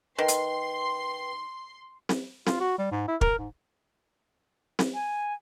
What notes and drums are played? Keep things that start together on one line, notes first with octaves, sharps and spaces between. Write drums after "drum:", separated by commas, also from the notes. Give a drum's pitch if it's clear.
D#3 B4 G5 C6
drum: hi-hat
drum: snare C4
F4, drum: snare C4
F#4
G3
G#2
E4
A#4, drum: kick
G#2
drum: snare C4
G#5